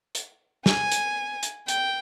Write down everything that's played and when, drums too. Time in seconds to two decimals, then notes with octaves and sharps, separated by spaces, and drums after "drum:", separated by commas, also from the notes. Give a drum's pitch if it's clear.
0.15 drum: hi-hat
0.66 G#5, drum: snare
0.92 drum: hi-hat
1.43 drum: hi-hat
1.68 G5, drum: hi-hat